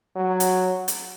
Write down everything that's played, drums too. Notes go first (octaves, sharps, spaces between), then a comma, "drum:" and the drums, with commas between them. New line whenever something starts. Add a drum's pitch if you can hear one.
F#3
drum: hi-hat
drum: hi-hat